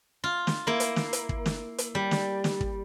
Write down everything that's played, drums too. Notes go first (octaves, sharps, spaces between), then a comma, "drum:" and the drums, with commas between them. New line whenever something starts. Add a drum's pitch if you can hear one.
F4
drum: snare
A#3 E4
drum: hi-hat
drum: snare
drum: hi-hat
drum: kick
drum: snare
drum: hi-hat
G3
drum: snare
drum: snare
drum: kick